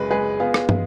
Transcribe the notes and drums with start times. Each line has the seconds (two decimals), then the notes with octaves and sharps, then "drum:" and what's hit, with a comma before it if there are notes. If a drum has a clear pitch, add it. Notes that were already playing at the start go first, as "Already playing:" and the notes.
Already playing: F#1 F#2 G#3 B4
0.11 G#3 G#4 B4
0.40 B3 F4 G#4
0.54 drum: rim click
0.69 drum: tom